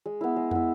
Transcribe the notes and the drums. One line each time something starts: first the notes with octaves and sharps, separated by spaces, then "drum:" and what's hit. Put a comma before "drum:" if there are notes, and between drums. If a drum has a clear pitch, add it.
G#3
B3 E4
G#3
B3 E4, drum: tom E2